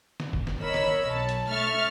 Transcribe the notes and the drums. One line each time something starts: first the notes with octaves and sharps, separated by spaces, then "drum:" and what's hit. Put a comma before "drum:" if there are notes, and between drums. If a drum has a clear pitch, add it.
drum: snare
drum: kick
drum: snare
A#4 C#5 D#5 B5 E6
drum: snare
B1 A5
drum: hi-hat
A3 E5 C#6 F6 A6